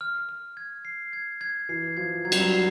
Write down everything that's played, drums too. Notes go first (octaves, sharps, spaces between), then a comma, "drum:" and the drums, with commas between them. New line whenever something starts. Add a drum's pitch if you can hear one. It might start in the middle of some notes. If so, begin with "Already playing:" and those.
F6
F6
G#6
C7
G#6
G#6
E3 C7
F3 G#6
F#3 G#6
G3, drum: cymbal
F#3
C7